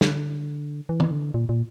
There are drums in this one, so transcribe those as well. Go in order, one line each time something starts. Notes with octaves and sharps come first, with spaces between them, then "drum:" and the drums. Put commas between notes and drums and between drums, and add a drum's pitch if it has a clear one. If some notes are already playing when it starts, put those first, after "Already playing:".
D3, drum: snare
E3
drum: tom
D3
A#2
A#2